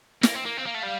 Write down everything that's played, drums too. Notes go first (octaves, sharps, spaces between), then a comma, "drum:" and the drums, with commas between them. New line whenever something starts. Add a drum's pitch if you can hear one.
A#3, drum: snare
C4
A#3
C4 F5
A#3
A3
G3